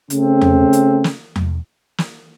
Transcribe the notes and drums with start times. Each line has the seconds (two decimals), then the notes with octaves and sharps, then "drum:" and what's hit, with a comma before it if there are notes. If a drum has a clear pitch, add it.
0.10 C#3 A3 C4, drum: hi-hat
0.41 drum: tom E2
0.73 drum: hi-hat
1.04 drum: snare
1.36 drum: tom E2
1.98 drum: snare